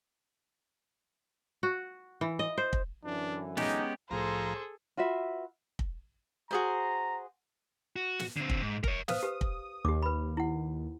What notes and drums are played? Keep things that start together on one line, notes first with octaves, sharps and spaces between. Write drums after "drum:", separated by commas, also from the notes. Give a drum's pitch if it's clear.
F#4
E3
D#5
C5
drum: kick
F#2 D3 E3 D4
G#3 B3 C#4 D#4 G4, drum: snare
C2 A2 F3 G#4 A4 C5 A#5 A#6
F4 F#4 B4 E5
drum: kick
F#4 G#4 C5 A#5
F#4
drum: snare
D3 C4
drum: kick
G#2
A#4 C#5, drum: kick
B4 C5 F5 D#6, drum: snare
G4 B4
drum: kick
D#2 G4 D6
B4 B5
E4 F#5